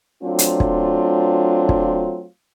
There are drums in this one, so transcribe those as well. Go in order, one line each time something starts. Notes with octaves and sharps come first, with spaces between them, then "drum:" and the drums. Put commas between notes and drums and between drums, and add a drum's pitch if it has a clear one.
F#3 A3 C4 D4 F4
drum: hi-hat
drum: kick
drum: kick